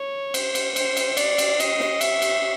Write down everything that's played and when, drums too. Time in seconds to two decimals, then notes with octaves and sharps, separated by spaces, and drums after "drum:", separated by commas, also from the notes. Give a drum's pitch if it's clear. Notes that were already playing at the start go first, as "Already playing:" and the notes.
Already playing: C#5
0.34 C5, drum: cymbal
0.55 drum: cymbal
0.76 C5, drum: cymbal
0.97 drum: cymbal
1.17 D5, drum: cymbal
1.38 drum: cymbal
1.60 D#5, drum: cymbal
1.80 drum: snare
2.01 E5, drum: cymbal
2.22 drum: cymbal